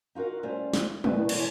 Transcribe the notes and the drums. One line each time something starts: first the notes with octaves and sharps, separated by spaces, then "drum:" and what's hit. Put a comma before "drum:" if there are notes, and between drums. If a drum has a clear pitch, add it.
D#4 F4 F#4 A#4 F5
G3 A3 C#4 F4 C5
drum: snare
D#2 A2 C#3 A3 B4 D5, drum: tom F#3
F#2 B2 E3 G#3 C#5 A5, drum: cymbal